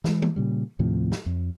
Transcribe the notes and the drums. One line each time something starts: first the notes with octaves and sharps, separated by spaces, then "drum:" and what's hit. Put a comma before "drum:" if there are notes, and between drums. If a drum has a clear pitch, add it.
E3 G#3, drum: snare
drum: tom E3
A#2 C#3 G3
D#2 A2 C3 F3
drum: snare
F2